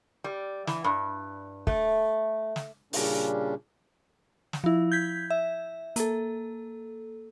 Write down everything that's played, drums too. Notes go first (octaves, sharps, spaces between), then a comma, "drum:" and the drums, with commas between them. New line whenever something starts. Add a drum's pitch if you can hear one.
G3
E3, drum: snare
G2
A3, drum: kick
drum: snare
A#2 C#3 G3 C#4 D4, drum: open hi-hat
drum: snare
F3 E4
G6 G#6 B6
E5
A#3 A4, drum: hi-hat